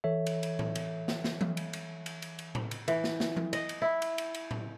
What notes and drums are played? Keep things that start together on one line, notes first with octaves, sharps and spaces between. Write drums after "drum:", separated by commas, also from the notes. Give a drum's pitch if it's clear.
E3 A4 C#5 E5
drum: cymbal
drum: cymbal
drum: tom A2
drum: cymbal
drum: snare
drum: snare
drum: tom E3
drum: cymbal
drum: cymbal
drum: cymbal
drum: cymbal
drum: cymbal
drum: tom A2
drum: cymbal
E3, drum: cymbal
drum: snare
drum: snare
drum: tom E3
D#5, drum: cymbal
drum: cymbal
E4
drum: cymbal
drum: cymbal
drum: cymbal
drum: tom A2